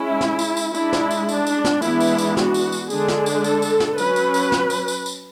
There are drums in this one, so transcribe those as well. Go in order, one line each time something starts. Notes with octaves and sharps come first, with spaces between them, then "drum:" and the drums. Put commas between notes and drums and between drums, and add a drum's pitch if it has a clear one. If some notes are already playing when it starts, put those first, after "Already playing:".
Already playing: G#3 C#4 E4
drum: snare
drum: tambourine
drum: tambourine
G#3 D4 E4, drum: tambourine
drum: snare
drum: tambourine
D4, drum: tambourine
drum: tambourine
drum: snare
E3 G#3 B3 D4 E4, drum: tambourine
drum: tambourine
drum: tambourine
F#4, drum: snare
drum: tambourine
drum: tambourine
D3 G#3 D4 G#4, drum: tambourine
drum: snare
drum: tambourine
A4, drum: tambourine
drum: tambourine
drum: snare
F#3 C#4 B4, drum: tambourine
drum: tambourine
drum: tambourine
drum: snare
drum: tambourine
drum: tambourine
drum: tambourine